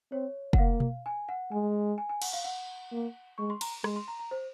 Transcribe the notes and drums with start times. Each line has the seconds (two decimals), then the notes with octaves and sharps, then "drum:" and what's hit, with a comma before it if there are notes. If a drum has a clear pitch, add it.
0.12 C4 C#5
0.53 F#5, drum: kick
0.58 A#3 F5
0.80 drum: tom B2
1.06 G#5
1.29 F#5
1.52 G#3 G#5
1.98 G#5
2.09 G#5
2.22 F#5, drum: cymbal
2.33 F5
2.44 F#5
2.92 A#3
3.38 G#3 C#6
3.50 C6
3.61 A#5, drum: cymbal
3.84 G#3 C6, drum: rim click
3.96 C6
4.08 A#5
4.19 A#5
4.31 C5